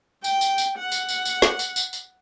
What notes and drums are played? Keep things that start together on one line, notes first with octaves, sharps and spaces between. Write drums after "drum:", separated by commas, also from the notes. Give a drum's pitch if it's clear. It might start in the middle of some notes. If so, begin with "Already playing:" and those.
G5, drum: tambourine
drum: tambourine
drum: tambourine
F#5
drum: tambourine
drum: tambourine
drum: tambourine
drum: snare
drum: tambourine
drum: tambourine
drum: tambourine